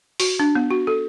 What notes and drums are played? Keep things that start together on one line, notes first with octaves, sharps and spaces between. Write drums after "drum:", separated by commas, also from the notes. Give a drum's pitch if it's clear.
F#4, drum: open hi-hat
D4
B3
F#4
A4